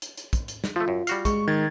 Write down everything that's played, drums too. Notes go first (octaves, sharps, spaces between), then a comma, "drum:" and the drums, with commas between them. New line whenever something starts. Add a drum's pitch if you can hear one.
drum: hi-hat
drum: hi-hat
drum: kick, hi-hat
drum: hi-hat
drum: snare
F3 A3 F4
F#2
G3 F#4 F5, drum: hi-hat
G#3 C#6, drum: kick, hi-hat
D#3 G#6 A6